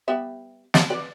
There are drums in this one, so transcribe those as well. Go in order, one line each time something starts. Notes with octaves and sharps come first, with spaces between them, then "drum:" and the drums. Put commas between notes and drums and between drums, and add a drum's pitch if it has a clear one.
G3 B3 E5
drum: snare
B4 D5